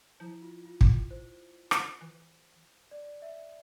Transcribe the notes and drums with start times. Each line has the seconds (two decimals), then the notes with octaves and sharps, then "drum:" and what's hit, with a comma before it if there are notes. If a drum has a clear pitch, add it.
0.20 F3 E4
0.42 F4
0.65 F4
0.81 drum: kick
1.11 C5
1.71 drum: rim click
2.01 E3
2.91 D5
3.22 E5